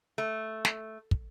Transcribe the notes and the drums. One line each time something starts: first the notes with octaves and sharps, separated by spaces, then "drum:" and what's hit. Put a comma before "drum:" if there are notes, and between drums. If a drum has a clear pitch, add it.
A3
drum: snare
drum: kick